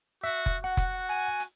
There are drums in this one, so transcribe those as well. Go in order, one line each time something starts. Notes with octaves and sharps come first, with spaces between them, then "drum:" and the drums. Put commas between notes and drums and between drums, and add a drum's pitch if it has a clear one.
F#4 E5
drum: kick F1
F#4 F#5
drum: kick F1, hi-hat
G#5
drum: hi-hat